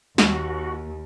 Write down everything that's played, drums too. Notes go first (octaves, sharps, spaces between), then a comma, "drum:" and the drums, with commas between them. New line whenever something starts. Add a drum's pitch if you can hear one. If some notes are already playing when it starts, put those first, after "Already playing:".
D#2 F#4, drum: snare